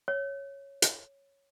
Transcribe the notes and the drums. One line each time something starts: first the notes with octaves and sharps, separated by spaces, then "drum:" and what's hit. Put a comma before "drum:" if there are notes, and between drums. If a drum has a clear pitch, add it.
C#5
drum: hi-hat